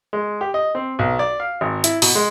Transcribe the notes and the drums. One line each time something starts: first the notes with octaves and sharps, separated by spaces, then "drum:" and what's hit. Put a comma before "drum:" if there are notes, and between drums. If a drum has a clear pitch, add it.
G#3
G4
D#5
C4
B1
D5
F5
G#1
E4, drum: hi-hat
B2, drum: open hi-hat
G#3